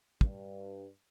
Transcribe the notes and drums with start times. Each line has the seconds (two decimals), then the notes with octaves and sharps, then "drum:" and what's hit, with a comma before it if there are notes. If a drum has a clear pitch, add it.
0.21 G2, drum: kick